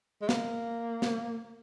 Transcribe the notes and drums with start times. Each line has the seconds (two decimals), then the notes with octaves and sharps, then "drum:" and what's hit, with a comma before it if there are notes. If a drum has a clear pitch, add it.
0.22 G#3
0.29 A#3, drum: snare
1.02 drum: snare